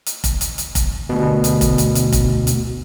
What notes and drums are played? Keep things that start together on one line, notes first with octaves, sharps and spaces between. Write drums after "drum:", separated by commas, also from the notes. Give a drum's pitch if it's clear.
drum: hi-hat
drum: kick F1, hi-hat
drum: hi-hat
drum: hi-hat
drum: kick F1, hi-hat
D2 B2
drum: hi-hat
drum: kick F1, hi-hat
drum: hi-hat
drum: hi-hat
drum: kick F1, hi-hat
drum: hi-hat